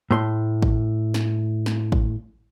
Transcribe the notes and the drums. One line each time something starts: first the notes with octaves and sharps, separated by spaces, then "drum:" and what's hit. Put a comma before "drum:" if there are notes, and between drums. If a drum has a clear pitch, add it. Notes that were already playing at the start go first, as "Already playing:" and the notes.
A2 C6
drum: kick
drum: snare
drum: snare
drum: kick